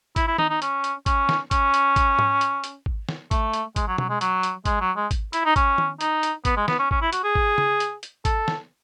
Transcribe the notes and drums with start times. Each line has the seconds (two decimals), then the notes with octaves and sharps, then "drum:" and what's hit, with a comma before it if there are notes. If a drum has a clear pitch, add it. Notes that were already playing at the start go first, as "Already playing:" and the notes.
0.16 E4, drum: kick G#1, hi-hat
0.28 E4
0.38 D#4, drum: tom D#3
0.50 D#4
0.62 C#4, drum: hi-hat
0.84 drum: hi-hat
1.06 C#4, drum: kick G#1, hi-hat
1.29 drum: snare
1.51 C#4, drum: kick G#1, hi-hat
1.74 drum: hi-hat
1.96 drum: kick G#1, hi-hat
2.19 drum: tom G#2
2.41 drum: hi-hat
2.64 drum: hi-hat
2.86 drum: kick G#1
3.09 drum: snare
3.31 A3, drum: kick G#1, hi-hat
3.54 drum: hi-hat
3.76 G#3, drum: kick G#1, hi-hat
3.88 F#3
3.98 F#3, drum: tom B2
4.10 G#3
4.21 F#3, drum: hi-hat
4.43 drum: hi-hat
4.66 G#3, drum: kick G#1, hi-hat
4.81 F#3
4.96 G#3
5.11 drum: kick G#1, hi-hat
5.33 E4, drum: hi-hat
5.45 D#4
5.56 C#4, drum: kick G#1, hi-hat
5.78 drum: tom D#3
6.01 D#4, drum: hi-hat
6.23 drum: hi-hat
6.45 B3, drum: kick G#1, hi-hat
6.56 G#3
6.68 B3, drum: snare
6.79 C#4
6.91 C#4, drum: kick G#1
7.02 E4
7.13 F#4, drum: hi-hat
7.24 G#4
7.35 drum: kick G#1
7.58 drum: tom
7.80 drum: hi-hat
8.03 drum: hi-hat
8.25 A4, drum: kick G#1, hi-hat
8.48 drum: snare